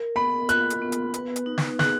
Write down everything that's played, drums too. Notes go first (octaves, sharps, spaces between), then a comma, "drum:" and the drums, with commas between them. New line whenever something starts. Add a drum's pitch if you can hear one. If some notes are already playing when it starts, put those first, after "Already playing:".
Already playing: A#4
B3 B5
F4 F#6, drum: hi-hat
drum: hi-hat
B3
drum: hi-hat
B4, drum: hi-hat
drum: hi-hat
D#4
drum: snare
G#4 F#6, drum: snare